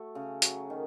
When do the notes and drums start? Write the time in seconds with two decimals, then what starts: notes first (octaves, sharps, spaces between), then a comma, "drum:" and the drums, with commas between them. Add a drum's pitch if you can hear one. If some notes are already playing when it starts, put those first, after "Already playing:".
Already playing: A3 F#4
0.15 C#3
0.42 F#3, drum: hi-hat
0.70 D#3